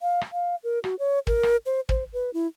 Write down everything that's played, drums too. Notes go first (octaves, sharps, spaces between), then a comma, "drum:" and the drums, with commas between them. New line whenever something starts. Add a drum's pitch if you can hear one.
F5
drum: rim click
F5
A#4
F#4, drum: rim click
C#5
A#4, drum: kick
drum: rim click
C5
C5, drum: kick
B4
E4